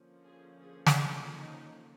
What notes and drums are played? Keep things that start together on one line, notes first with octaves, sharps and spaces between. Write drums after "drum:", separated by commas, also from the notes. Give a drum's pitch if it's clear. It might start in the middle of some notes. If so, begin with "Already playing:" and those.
Already playing: D3 F3 A#3 C#4
G#4
G#4
drum: snare
F4
D#4